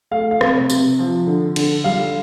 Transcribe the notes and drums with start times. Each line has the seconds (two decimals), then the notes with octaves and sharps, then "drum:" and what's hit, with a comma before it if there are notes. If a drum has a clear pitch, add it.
0.11 A3 F5
0.31 F5
0.41 C3, drum: rim click
0.70 C3, drum: tambourine
0.99 F3
1.27 D3
1.56 D3, drum: cymbal
1.84 G3 F5